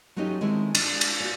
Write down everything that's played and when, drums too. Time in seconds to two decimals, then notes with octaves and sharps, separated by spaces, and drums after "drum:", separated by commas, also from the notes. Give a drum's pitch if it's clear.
0.16 F#3 A3 C#4 D#4 F4 G4
0.41 D#3 G#3 A3 C4 E4
0.75 D4, drum: cymbal
1.01 drum: cymbal
1.20 F#4 D5